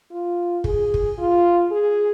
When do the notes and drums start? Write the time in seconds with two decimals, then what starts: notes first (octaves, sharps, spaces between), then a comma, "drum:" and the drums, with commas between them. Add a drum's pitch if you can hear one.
0.11 F4
0.64 G#4, drum: kick
0.94 drum: kick
1.18 F4
1.71 G#4